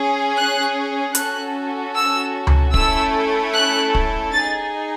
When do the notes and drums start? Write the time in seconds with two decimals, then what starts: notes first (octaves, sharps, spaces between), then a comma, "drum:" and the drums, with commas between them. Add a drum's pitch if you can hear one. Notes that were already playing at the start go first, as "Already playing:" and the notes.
Already playing: C#4 G#4
0.35 F#6
1.15 C#4 F#4 A4 F#6, drum: hi-hat
1.95 E6
2.47 drum: tom C#2
2.74 A3 C#4 E4 A4 E6, drum: kick
3.53 F#6
3.95 drum: kick
4.33 D#4 G#4 A6